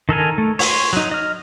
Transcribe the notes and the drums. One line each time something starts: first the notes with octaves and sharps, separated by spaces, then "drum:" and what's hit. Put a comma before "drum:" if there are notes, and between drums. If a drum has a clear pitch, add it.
D#3 A4 A#4 G#5
A3
C#5 C6, drum: open hi-hat
F#3 D#4
D#5 F6